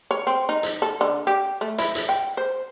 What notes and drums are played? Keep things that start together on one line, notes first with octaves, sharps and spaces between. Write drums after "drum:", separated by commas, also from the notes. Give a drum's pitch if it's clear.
C#5
C4
D#4
drum: hi-hat
A4
D3
G4
A3
E4, drum: hi-hat
drum: hi-hat
G5
C5